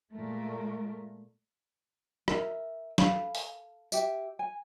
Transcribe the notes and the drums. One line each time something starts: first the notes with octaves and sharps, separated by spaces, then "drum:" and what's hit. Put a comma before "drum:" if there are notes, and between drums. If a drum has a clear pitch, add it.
A#2 G#3 A3 A#4
A#4 E5, drum: rim click
A4 F5 B5, drum: snare
drum: open hi-hat
G4 E5, drum: tambourine
G#5